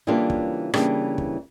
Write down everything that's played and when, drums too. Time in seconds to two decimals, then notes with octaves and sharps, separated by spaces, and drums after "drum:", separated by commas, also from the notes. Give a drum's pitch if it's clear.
0.07 C#3 E3 G3 A#3 D4 F4
0.30 drum: kick
0.74 C#3 E3 G3 A#3 D4, drum: rim click
1.18 drum: kick